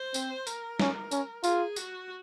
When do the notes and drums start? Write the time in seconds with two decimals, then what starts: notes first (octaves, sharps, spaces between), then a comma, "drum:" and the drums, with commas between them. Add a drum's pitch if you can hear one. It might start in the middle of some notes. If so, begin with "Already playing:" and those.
Already playing: C5
0.14 C4, drum: tambourine
0.47 A#4, drum: tambourine
0.80 C#4, drum: snare
1.11 C#4, drum: tambourine
1.44 F4 G#4, drum: tambourine
1.76 F#4, drum: tambourine